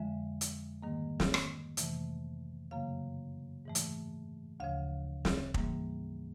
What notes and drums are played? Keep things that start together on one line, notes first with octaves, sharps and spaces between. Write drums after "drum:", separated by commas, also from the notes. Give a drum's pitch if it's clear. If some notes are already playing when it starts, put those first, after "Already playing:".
Already playing: F2 D3 F3 G#3 E5
drum: hi-hat
G#2 D#3 G3 A#3
drum: snare
drum: rim click
F2 C3 E3 A3, drum: hi-hat
F#2 C#3 F#3 A#3 F5
G#2 E3 A3
drum: hi-hat
D2 C#3 F3 F5
drum: snare
G#2 E3 G3 A#3, drum: kick